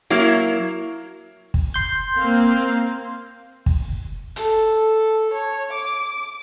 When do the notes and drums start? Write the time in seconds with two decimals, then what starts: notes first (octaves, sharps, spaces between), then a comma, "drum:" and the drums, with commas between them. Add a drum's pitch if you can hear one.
0.10 F#3 A#3 E4
1.54 drum: kick
1.74 C6 G6
2.17 A#3 C4 F5
3.66 drum: kick
4.36 A4, drum: hi-hat
5.34 C#5
5.73 D6